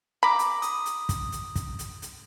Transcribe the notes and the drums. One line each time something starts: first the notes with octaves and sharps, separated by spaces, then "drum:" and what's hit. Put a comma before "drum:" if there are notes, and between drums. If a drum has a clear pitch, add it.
A#5 B5 D6
drum: hi-hat
D#6, drum: hi-hat
drum: hi-hat
drum: kick, hi-hat
drum: hi-hat
drum: kick, hi-hat
drum: hi-hat
drum: hi-hat